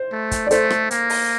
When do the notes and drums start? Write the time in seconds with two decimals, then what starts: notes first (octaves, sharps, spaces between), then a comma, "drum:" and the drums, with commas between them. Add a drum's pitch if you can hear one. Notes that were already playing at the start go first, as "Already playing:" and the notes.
Already playing: C5
0.12 A3
0.31 drum: kick, hi-hat
0.47 D5
0.51 A3 A4 C5, drum: hi-hat
0.70 drum: rim click
0.91 A#3, drum: hi-hat
1.10 drum: open hi-hat